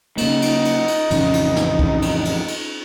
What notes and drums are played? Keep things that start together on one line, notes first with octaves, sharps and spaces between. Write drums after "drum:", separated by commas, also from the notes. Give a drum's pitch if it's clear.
C#3 A#3 D#4, drum: cymbal
drum: cymbal
drum: cymbal
drum: cymbal
A1 F2 C#3, drum: cymbal
drum: cymbal
drum: snare
drum: kick B1
drum: cymbal
drum: cymbal
drum: cymbal